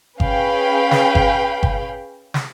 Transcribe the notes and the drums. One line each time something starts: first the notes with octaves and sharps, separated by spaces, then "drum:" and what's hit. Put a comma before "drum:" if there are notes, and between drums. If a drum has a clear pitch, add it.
C#4 G#4 B4 F5 G5 B5, drum: kick G1
drum: snare
drum: kick G1
drum: kick G1
drum: snare